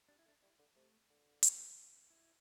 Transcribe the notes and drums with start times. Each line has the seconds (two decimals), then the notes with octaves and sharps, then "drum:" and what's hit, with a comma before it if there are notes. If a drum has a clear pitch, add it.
0.08 G3 D4
0.19 E4
0.25 A3
0.28 D4
0.42 G3 E4
0.59 D3
0.76 C3 A3
1.10 D3
1.43 C4, drum: hi-hat
2.10 E4